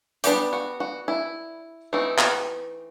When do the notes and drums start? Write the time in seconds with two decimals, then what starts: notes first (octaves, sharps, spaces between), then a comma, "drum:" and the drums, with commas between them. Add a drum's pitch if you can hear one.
0.24 G3 B3 D4 G4, drum: hi-hat
0.53 F#4
0.80 F#4
1.08 E4
1.93 E3 A3 C4 D#4
2.18 drum: clap